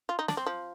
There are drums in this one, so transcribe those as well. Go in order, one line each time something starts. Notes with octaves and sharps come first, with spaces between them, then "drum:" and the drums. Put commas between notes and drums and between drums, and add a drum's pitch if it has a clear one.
F4
D#4
D4, drum: snare
C4
F3